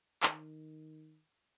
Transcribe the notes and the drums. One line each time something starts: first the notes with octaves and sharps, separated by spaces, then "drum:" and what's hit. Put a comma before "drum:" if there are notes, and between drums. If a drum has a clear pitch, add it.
D#3, drum: clap